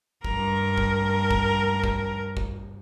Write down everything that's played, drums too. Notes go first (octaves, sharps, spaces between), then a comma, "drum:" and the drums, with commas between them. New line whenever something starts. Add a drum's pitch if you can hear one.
G2 A#4, drum: kick
drum: kick
drum: kick
drum: kick
drum: kick